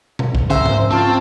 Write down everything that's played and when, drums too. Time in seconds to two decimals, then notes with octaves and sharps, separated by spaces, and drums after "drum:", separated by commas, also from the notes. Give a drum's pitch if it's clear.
0.19 drum: tom B2
0.35 drum: kick
0.50 C#3 A#4 C5 E5
0.66 drum: tom G#2
0.91 C4 C#4 F4 A5